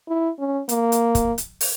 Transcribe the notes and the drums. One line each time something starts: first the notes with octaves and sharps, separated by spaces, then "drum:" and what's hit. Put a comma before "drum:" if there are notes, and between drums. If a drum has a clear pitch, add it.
E4
C#4
A#3, drum: hi-hat
drum: hi-hat
drum: kick, hi-hat
drum: hi-hat
drum: open hi-hat